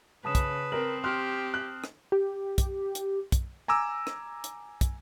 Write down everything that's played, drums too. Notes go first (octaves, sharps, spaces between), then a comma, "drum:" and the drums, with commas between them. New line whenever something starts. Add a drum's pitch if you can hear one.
C#3 B4 A5 D#6 E7
drum: kick, hi-hat
C4 A#4 F#7
G4 C6 F6 F#6
F#6
drum: rim click
G4
drum: kick, hi-hat
drum: hi-hat
drum: kick, hi-hat
G#5 A#5 D6 E6
drum: rim click
drum: hi-hat
drum: kick, hi-hat